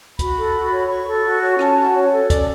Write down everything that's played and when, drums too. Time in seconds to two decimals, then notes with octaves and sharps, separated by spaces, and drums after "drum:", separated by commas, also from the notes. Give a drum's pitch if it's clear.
0.19 F#4 B5, drum: kick D2, hi-hat
0.37 A4
0.54 F#4
0.71 C#5
0.89 F#4 C#6
1.06 A4
1.25 F#4
1.41 C#5
1.59 C#4 A5, drum: rim click
1.77 F#4
1.94 C#4 C#5
2.12 A4
2.30 C#4 D5, drum: kick D2, hi-hat